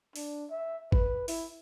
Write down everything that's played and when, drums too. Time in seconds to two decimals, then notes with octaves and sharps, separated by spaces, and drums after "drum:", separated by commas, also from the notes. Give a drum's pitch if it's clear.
0.16 D4, drum: open hi-hat
0.50 E5
0.92 B4, drum: kick
1.28 E4, drum: open hi-hat